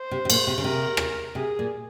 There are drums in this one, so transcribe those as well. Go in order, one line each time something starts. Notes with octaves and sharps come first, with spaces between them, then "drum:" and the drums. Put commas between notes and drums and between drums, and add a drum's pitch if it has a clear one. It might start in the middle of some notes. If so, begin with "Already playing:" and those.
Already playing: C5
C3
C3
A#2, drum: cymbal
C3
C#3
C3 A#4
drum: rim click
C3 G#4
A#2